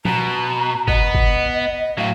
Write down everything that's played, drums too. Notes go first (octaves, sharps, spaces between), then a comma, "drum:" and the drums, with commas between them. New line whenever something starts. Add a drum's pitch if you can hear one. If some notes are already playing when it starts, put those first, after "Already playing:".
B2 A#5, drum: tom F3
B3 D#5, drum: kick G1
drum: kick G1
A2 F#3 F5